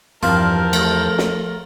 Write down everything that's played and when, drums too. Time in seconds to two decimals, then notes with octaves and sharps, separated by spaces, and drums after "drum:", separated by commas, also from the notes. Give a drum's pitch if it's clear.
0.23 E2 G2 F3 C4 G4 A#4 F5 A5
0.73 A3, drum: cymbal
1.18 drum: snare